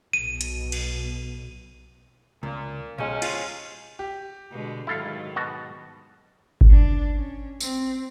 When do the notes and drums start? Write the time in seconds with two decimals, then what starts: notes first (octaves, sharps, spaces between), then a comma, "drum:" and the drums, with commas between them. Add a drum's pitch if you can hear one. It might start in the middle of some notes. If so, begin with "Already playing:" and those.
0.13 B1 B2 D#7
0.41 drum: hi-hat
0.72 drum: cymbal
2.43 C#2 A#2
2.98 B1 C3 F3 G#3 C#4 F5
3.22 F4, drum: cymbal
3.99 G4
4.51 B2 D3 G#3
4.87 G#2 D#3 F#3 E4 A4 F5
5.36 B2 F#4 A5
6.61 drum: kick G1
6.71 D4
7.16 C#4
7.60 C4, drum: tambourine